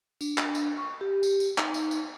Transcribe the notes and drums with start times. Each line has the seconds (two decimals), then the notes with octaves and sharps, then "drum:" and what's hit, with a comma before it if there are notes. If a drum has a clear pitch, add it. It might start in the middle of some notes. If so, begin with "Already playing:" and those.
0.21 D4, drum: tambourine
0.38 drum: clap
0.55 drum: tambourine
0.78 C#6
1.01 G4
1.23 drum: tambourine
1.40 drum: tambourine
1.58 D#4, drum: clap
1.74 drum: tambourine
1.91 drum: tambourine